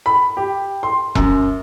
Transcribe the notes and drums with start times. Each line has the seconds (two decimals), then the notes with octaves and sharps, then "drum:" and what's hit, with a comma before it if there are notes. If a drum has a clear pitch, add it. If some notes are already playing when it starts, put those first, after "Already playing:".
0.06 B5
0.37 G4
0.83 C6
1.15 F#2, drum: kick E1